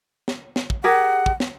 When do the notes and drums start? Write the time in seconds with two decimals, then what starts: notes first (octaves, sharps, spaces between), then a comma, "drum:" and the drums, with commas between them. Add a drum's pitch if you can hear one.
0.28 drum: snare
0.56 drum: snare
0.70 drum: kick
0.84 G4 G#4 A#4 F#5
1.26 drum: kick
1.40 drum: snare